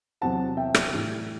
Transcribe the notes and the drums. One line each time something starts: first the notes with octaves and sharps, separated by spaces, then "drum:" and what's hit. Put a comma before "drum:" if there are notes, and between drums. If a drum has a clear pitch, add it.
E2 C3 F#3 C4 F#5 A5
E5 G5
drum: rim click
A2 E3 G3 D4